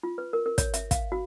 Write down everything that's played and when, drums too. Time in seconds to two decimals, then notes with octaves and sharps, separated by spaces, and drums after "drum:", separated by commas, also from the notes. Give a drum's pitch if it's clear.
0.03 F4
0.18 B4
0.33 A#4
0.46 A#4
0.58 C#5, drum: kick, hi-hat
0.74 E5, drum: hi-hat
0.91 F5, drum: kick, hi-hat
1.12 F#4